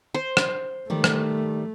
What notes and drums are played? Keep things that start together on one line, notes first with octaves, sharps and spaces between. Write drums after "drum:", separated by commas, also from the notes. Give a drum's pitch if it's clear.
C5
drum: rim click
D#3 G3 A3
drum: rim click